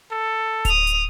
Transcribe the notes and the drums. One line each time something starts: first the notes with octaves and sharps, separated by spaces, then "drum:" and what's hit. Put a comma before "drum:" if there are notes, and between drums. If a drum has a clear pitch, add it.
A4
D#6 F7, drum: kick D1, hi-hat
drum: hi-hat